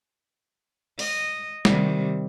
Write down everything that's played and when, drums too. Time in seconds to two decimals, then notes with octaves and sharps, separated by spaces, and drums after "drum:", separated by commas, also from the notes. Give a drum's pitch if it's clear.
0.99 D#5, drum: open hi-hat
1.65 C3 D#3 G3, drum: snare